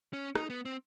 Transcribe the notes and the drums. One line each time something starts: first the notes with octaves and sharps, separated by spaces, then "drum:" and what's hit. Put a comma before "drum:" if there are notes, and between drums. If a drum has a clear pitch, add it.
C#4
D#4, drum: rim click
B3
C4